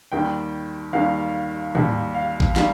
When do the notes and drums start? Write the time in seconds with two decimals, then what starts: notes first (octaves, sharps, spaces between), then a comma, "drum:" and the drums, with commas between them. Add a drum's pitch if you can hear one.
0.12 D#2 D#3 G3 G5
0.93 D#2 D#3 G3 F5
1.75 D#2 D#3 G3, drum: tom
2.14 F5
2.40 drum: kick G#1
2.56 D#3 G3 F5, drum: snare